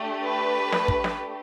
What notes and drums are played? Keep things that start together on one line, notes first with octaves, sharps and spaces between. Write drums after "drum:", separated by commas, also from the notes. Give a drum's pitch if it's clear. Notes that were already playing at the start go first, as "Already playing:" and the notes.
Already playing: A3 D4 G4
B4
drum: snare
drum: kick
drum: snare